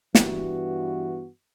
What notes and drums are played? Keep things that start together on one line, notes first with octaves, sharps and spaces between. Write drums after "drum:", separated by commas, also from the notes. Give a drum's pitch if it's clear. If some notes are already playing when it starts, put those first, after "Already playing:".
G2 E3 B3 F#4, drum: snare